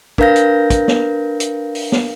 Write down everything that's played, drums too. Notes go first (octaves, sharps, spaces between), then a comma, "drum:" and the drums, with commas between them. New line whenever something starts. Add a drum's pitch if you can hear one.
D4 A#4 B4 F5 G6 A#6, drum: kick
drum: hi-hat
drum: kick, hi-hat
drum: snare B3
drum: hi-hat
drum: open hi-hat
drum: snare B3